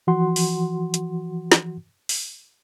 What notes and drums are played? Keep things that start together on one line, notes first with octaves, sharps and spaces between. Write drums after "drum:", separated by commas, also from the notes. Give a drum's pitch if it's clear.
E3 F3 F#4 F#5 C6
drum: open hi-hat
drum: hi-hat
drum: snare
drum: open hi-hat